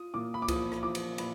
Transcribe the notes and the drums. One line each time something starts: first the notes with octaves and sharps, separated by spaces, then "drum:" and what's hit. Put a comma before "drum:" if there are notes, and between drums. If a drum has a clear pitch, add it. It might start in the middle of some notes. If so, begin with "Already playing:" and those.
Already playing: F4 D#6
A#2 D6
B5
D6
F3 D#6, drum: kick C#2, cymbal
drum: rim click
F3 D6
drum: cymbal
A#2 B5, drum: cymbal